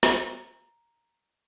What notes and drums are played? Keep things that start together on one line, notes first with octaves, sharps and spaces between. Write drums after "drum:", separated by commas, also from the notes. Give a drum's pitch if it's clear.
A#5, drum: snare